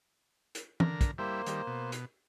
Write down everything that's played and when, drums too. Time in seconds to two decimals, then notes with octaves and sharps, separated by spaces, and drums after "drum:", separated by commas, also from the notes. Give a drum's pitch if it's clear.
0.55 drum: hi-hat
0.80 D3 A#4, drum: tom E3
1.01 drum: kick, hi-hat
1.18 G3 A#3 E4 C5
1.46 D#3 G3, drum: hi-hat
1.67 B2
1.92 drum: hi-hat